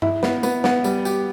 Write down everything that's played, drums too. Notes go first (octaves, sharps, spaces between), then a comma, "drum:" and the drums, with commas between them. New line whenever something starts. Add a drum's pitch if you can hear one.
E4, drum: tom G2
B3, drum: snare
B3, drum: tambourine
B3, drum: snare
G3, drum: tambourine
G4, drum: tambourine